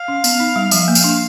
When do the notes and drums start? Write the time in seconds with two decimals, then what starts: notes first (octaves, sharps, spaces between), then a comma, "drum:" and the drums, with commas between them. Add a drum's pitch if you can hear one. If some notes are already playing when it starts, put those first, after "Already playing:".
Already playing: F5
0.08 C#4
0.24 B3, drum: tambourine
0.40 D#4
0.56 G3
0.71 F3 E5, drum: tambourine
0.88 A#3
0.95 F5, drum: tambourine
1.04 D4